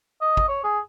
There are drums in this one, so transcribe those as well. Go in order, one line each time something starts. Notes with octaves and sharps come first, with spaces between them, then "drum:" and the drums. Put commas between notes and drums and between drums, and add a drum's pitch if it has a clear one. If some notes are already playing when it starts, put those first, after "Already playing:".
D#5
drum: kick
C#5
G#4